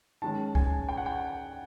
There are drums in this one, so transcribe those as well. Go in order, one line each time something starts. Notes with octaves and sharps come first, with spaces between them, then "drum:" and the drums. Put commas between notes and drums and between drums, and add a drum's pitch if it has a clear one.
D#3 G#3 C#4 A5
G#5, drum: kick C2
G5
F#5
G5